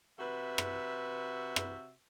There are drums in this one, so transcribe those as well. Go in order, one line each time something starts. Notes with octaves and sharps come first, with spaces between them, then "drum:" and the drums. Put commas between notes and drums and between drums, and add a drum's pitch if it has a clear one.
C3 F#4 B4 E5
drum: rim click
drum: rim click